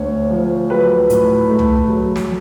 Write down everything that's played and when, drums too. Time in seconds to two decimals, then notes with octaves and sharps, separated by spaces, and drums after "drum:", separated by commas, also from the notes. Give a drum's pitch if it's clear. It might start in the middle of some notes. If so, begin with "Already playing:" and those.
Already playing: D2 C#5
0.30 F3
0.70 F#3 B4
1.10 A2, drum: hi-hat
1.50 A3
1.59 drum: tom C2
1.89 F#3
2.16 drum: snare